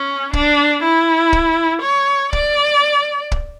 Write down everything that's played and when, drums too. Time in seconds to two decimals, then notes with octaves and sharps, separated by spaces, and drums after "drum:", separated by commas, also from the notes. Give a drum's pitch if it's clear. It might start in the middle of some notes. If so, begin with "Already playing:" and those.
Already playing: C#4
0.33 D4, drum: kick
0.83 E4
1.33 drum: kick
1.82 C#5
2.33 D5, drum: kick
3.32 drum: kick